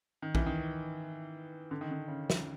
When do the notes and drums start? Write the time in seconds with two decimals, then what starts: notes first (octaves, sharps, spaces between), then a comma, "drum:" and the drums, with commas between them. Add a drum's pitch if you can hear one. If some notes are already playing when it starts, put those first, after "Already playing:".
0.22 D#3
0.35 E3, drum: kick A#1
0.46 D#3
1.71 D3
1.81 D#3
1.91 D3
2.08 C#3
2.30 drum: snare